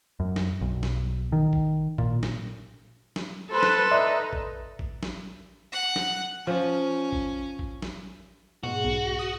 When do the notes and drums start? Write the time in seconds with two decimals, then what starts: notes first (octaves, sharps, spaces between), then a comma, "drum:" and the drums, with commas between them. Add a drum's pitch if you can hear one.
0.20 F#2
0.36 drum: snare
0.61 B1
0.83 drum: snare
1.32 D#3
1.53 drum: kick
1.98 A#2, drum: kick
2.23 drum: snare
3.16 drum: snare
3.52 A4 B4 C5
3.63 drum: snare
3.91 D#4 D5 E5 C6
4.33 drum: kick
4.79 drum: kick
5.03 drum: snare
5.73 F#5
5.96 drum: snare
6.47 F3 C#4
7.12 drum: kick
7.59 drum: kick
7.82 drum: snare
8.63 G#2 B2 F#4
8.85 B1
9.19 D#6